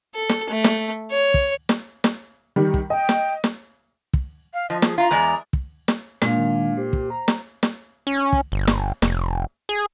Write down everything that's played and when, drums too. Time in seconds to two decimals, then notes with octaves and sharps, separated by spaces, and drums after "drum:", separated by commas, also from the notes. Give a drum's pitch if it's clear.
0.15 A4
0.29 drum: snare
0.50 A3
0.64 drum: snare
1.11 C#5
1.34 drum: kick
1.69 drum: snare
2.04 drum: snare
2.56 D#3 G3
2.74 drum: kick
2.90 D#5 G5
3.09 drum: snare
3.44 drum: snare
4.14 drum: kick
4.54 F5
4.70 F3 D#5
4.82 G#4, drum: snare
4.98 F4 A#5
5.11 E2 G#3 D5
5.53 drum: kick
5.88 drum: snare
6.22 A#2 G#3 D4 F5, drum: snare
6.37 D#3
6.77 G4 C5
6.93 drum: kick
7.10 A#5
7.28 drum: snare
7.63 drum: snare
8.07 C#4
8.33 drum: kick
8.52 G1
8.67 drum: snare
9.02 F1, drum: snare
9.69 G#4